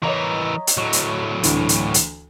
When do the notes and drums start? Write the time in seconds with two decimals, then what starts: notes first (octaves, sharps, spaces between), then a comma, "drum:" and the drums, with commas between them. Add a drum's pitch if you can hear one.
0.03 E3 A#4 C#5 D#5 A#5
0.67 drum: hi-hat
0.77 A2 F#3
0.93 drum: hi-hat
1.43 D2 E3, drum: hi-hat
1.69 drum: hi-hat
1.94 drum: hi-hat